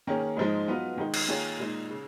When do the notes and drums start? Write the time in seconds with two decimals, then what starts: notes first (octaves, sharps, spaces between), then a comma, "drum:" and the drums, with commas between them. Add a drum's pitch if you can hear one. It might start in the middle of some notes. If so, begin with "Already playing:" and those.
0.07 D#3 A#3 C#4 G#4
0.37 G#2 F3 G#3 D#4
0.68 F#3 B3 F4 B4 D#5
0.97 D#3 G#3 D#4
1.14 drum: cymbal
1.28 D#3 A#3 F4 G#4 C#5
1.58 A#2 G#3 D#4
1.91 C#3